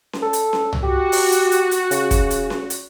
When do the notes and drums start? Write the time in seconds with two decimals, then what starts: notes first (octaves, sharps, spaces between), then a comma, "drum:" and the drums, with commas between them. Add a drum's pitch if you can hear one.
0.13 drum: snare C#4
0.23 A4
0.33 drum: hi-hat
0.53 drum: snare C#4
0.73 drum: tom
0.83 F#4 G4
1.12 drum: open hi-hat
1.32 drum: hi-hat
1.52 drum: hi-hat
1.71 drum: hi-hat
1.91 C#3, drum: hi-hat
2.11 drum: kick, hi-hat
2.31 drum: hi-hat
2.50 drum: snare C#4
2.70 drum: hi-hat